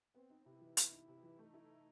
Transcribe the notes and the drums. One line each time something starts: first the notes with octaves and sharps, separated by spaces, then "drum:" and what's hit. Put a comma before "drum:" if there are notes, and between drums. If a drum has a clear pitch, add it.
B3 C4
D#4
C3 E4
E3
B3, drum: hi-hat
D#4
C3
E3
A3 D#4
E4